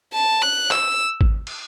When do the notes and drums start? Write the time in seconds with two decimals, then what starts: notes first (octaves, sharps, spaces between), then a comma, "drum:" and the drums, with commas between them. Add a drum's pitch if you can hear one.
0.14 A5
0.42 F#6
0.71 E6, drum: clap
1.21 drum: kick G#1
1.47 drum: cymbal